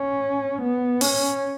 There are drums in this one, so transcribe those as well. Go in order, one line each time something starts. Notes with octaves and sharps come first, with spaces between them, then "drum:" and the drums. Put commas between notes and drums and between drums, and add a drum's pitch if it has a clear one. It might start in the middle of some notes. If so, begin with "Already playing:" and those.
Already playing: C#4
B3
C#4, drum: open hi-hat